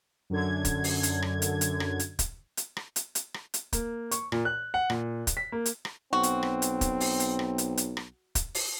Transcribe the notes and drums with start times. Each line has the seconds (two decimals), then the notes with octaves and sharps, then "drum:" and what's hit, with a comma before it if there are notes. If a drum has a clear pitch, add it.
0.30 F#2 D3 G#6
0.65 drum: kick, hi-hat
0.84 drum: open hi-hat
1.03 drum: hi-hat
1.22 drum: rim click
1.42 drum: hi-hat
1.61 drum: hi-hat
1.80 drum: rim click
1.99 drum: hi-hat
2.19 drum: kick, hi-hat
2.57 drum: hi-hat
2.77 drum: rim click
2.96 drum: hi-hat
3.15 drum: hi-hat
3.34 drum: rim click
3.54 drum: hi-hat
3.73 A#3, drum: kick, hi-hat
4.11 C#6, drum: hi-hat
4.32 A#2, drum: rim click
4.45 F#6
4.74 F#5
4.90 A#2, drum: rim click
5.27 drum: kick, hi-hat
5.37 B6
5.52 A#3
5.66 drum: hi-hat
5.85 drum: rim click
6.13 B1 C4 F#4
6.23 drum: hi-hat
6.43 drum: rim click
6.62 drum: hi-hat
6.81 drum: kick, hi-hat
7.00 drum: open hi-hat
7.20 drum: hi-hat
7.39 drum: rim click
7.58 drum: hi-hat
7.77 drum: hi-hat
7.97 drum: rim click
8.35 drum: kick, hi-hat
8.55 drum: open hi-hat